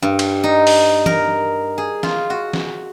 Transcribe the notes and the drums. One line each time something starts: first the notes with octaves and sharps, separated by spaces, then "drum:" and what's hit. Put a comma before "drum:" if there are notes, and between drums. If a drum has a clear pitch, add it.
G2
drum: cymbal
D#4
drum: open hi-hat
A#4, drum: tom
G#4
F4, drum: snare
F#4
drum: snare